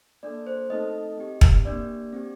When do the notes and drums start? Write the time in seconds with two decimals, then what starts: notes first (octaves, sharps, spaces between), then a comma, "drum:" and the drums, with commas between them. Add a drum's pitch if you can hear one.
0.23 A#3 D4 A4 D5
0.47 C5
0.70 A3 C4 D#4 A4 D#5
1.18 C4 G4
1.41 drum: kick
1.65 A#3 D4 G4 D5
2.13 C4 G4